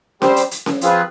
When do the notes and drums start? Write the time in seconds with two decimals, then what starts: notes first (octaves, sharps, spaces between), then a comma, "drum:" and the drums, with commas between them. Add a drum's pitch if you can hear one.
0.22 G3 C4 G4 C5, drum: snare C#4
0.36 drum: hi-hat
0.51 drum: hi-hat
0.66 drum: snare C#4
0.81 F3 C4 F4 G#4 B4, drum: hi-hat